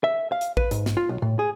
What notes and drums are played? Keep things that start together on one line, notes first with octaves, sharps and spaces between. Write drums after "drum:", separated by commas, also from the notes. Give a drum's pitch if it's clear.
E5
F5
drum: hi-hat
B4, drum: kick A#1
G#2, drum: hi-hat
drum: snare
F4
B1
A2
G#4